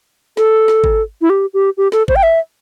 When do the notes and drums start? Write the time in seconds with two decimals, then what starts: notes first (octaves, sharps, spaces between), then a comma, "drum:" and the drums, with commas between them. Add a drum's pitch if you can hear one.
0.37 A4, drum: snare
0.68 drum: snare
0.84 drum: kick G#1
1.21 E4
1.30 G4
1.54 G4
1.77 G4
1.92 A4, drum: snare
2.08 C5, drum: kick G#1
2.16 G5
2.23 E5